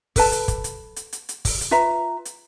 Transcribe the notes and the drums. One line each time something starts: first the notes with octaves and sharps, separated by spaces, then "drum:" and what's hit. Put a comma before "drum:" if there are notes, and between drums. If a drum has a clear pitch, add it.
A4 B4 A5, drum: kick, open hi-hat
drum: hi-hat
drum: kick, hi-hat
drum: hi-hat
drum: hi-hat
drum: hi-hat
drum: hi-hat
drum: kick, open hi-hat
drum: hi-hat
F4 B4 E5 A#5
drum: hi-hat